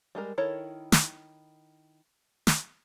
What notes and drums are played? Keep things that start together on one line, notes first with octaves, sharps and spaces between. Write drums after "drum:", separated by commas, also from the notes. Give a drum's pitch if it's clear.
G3 G#3 A#4
D#3 E4 A4 A#4 C#5
drum: snare
drum: snare